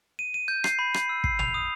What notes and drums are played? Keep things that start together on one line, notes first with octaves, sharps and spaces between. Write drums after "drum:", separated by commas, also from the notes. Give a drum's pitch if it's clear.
D#7
D#7
G6
C7, drum: rim click
B5
C7, drum: rim click
E6
C7, drum: kick
F7, drum: tom
D#6